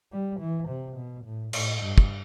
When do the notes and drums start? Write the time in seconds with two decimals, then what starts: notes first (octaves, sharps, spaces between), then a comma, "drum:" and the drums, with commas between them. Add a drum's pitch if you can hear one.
0.12 G3
0.40 E3
0.68 C3
0.97 B2
1.25 A2
1.53 A2, drum: cymbal
1.81 G2
1.98 drum: kick